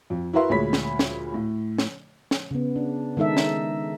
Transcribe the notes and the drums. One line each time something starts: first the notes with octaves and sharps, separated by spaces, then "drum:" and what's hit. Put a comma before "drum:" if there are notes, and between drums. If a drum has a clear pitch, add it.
F2
E4 F#4 A#4 B4 E5 C6
D2 A#2 G#3 C#5 B5 B6
drum: snare
drum: snare
A2
drum: snare
drum: snare
C#3 B3
D4
D#3 G#3 D#4 A4 E5
drum: snare